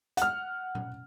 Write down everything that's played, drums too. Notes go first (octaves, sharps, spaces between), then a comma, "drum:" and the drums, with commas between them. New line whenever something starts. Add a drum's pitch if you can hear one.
F#5 F6, drum: hi-hat
drum: tom A#2